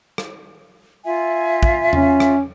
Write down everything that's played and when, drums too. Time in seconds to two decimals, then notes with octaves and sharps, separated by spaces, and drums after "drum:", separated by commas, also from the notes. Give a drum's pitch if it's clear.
0.18 drum: rim click
1.05 F4 E5 G#5
1.63 drum: kick
1.93 C#4, drum: tom E2
2.20 drum: rim click